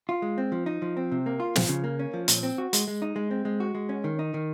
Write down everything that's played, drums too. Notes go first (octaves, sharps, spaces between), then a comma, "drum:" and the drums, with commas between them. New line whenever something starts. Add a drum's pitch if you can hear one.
F4
G#3
C4
F3
D#4
F3
C4
C3
A#3
F4
F3, drum: snare
C#3
A#3
C#4
F3
A#2, drum: hi-hat
C4
F#4
G#3, drum: hi-hat
G#3
D#4
G#3
C4
G#3
F#4
G#3
C#4
D#3
D#4
D#3